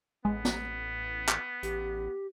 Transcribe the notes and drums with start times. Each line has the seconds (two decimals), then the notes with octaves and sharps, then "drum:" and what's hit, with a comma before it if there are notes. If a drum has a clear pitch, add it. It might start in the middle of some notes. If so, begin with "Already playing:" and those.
0.25 A1 G#3 B3
0.45 drum: snare
1.29 drum: clap
1.63 A1 G4, drum: hi-hat